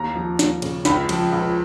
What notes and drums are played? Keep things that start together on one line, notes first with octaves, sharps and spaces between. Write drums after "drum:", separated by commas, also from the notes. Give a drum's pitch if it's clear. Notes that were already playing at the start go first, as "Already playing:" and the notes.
Already playing: D#2 A#5
F3
D#2, drum: snare
C#3, drum: cymbal
C#2 B5, drum: snare
F3, drum: cymbal
C#2